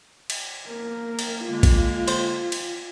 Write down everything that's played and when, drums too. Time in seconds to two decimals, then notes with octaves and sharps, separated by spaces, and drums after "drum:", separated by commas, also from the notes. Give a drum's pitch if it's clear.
0.30 drum: cymbal
0.69 A#3 A#4
1.19 drum: cymbal
1.47 D3 G#3 A#3 F4
1.63 drum: kick, cymbal
2.08 C5, drum: cymbal
2.52 drum: cymbal